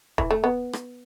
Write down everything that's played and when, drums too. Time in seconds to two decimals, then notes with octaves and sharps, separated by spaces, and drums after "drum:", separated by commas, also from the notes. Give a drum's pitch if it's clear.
0.18 E3, drum: kick
0.31 A3
0.44 B3
0.73 drum: rim click